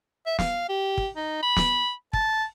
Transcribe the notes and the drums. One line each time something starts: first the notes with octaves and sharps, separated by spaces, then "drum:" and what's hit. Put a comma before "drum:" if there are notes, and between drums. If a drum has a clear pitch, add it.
E5
F5, drum: snare
G4
drum: kick
D#4
B5
drum: snare
A5, drum: kick